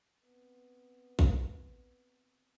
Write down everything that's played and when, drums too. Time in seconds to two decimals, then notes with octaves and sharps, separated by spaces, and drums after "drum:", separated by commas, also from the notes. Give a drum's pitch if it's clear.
0.24 B3 C4
1.19 drum: kick A1